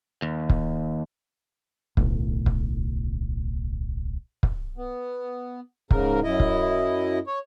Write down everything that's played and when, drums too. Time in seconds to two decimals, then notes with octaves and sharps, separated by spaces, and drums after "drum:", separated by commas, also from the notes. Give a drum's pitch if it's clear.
0.22 D#2
0.50 drum: kick
1.97 D1 B1 A2, drum: kick
2.46 drum: kick
4.43 drum: kick
4.77 B3
5.91 G#2 C#3 A#4, drum: kick
6.24 F#2 E4 D#5
6.40 drum: kick
7.27 C#5